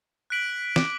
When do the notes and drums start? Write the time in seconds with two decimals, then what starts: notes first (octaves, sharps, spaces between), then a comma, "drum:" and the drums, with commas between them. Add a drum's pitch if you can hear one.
0.30 F#6 B6 D7 F#7
0.76 D6, drum: snare